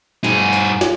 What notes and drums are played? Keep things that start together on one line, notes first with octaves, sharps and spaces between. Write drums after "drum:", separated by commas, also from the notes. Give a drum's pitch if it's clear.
G2 G#4, drum: hi-hat
drum: hi-hat
drum: snare